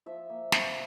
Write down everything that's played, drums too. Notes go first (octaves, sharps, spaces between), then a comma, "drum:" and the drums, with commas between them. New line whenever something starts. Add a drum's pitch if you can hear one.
F3 E5
A#3
A#3, drum: snare